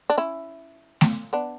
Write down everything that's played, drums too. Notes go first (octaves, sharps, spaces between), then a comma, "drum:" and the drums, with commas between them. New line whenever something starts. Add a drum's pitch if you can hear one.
D4
C#4 E4
drum: snare A3
B3 D4